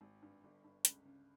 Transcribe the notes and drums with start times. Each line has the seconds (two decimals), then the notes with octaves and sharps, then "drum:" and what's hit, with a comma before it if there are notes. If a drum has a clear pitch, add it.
0.01 G#1
0.22 G2
0.44 G1
0.64 G2
0.85 C#2, drum: hi-hat
1.05 C#3